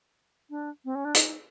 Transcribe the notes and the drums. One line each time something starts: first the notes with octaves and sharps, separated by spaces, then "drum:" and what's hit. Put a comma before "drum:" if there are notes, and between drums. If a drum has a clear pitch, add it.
D4
C4
C#4
D4
D#4, drum: hi-hat